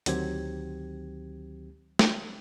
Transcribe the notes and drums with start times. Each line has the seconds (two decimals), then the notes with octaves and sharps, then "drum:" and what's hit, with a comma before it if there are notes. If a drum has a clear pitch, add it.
0.06 D2 D#3 F#3 C4 G4 G#6, drum: hi-hat
1.99 drum: snare